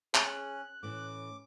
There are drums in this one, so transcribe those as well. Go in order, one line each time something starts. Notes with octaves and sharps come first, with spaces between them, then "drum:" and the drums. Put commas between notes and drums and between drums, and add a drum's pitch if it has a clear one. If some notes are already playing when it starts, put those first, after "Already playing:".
C#4 G#4 F#6, drum: clap
A2 E3 C#4 D6